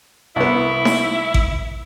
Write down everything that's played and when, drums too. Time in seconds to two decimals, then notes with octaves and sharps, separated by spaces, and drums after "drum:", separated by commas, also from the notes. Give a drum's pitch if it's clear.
0.36 C2 B3 E4
0.85 drum: snare D#4
1.34 drum: kick A1